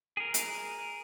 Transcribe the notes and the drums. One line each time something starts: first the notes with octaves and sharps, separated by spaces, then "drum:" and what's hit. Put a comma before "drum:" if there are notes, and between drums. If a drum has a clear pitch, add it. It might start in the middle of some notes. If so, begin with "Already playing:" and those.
G#4 A#4
drum: hi-hat